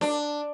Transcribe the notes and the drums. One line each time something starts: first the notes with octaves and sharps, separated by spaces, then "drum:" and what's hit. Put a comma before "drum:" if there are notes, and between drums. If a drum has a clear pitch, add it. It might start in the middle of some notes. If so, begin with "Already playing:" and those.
D4, drum: snare D4